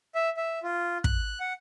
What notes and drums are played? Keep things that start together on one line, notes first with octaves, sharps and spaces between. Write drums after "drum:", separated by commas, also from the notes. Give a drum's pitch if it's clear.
E5
E5
F4
F#6, drum: kick
F#5